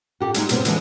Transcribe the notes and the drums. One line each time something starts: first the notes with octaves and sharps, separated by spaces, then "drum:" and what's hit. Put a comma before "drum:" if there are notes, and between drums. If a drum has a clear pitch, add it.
F#4 G4 A4
G3 G#3 D#4, drum: hi-hat
F#2 C3 G#3 A3 B3 C4, drum: hi-hat
D3 E3 G#3 A5, drum: hi-hat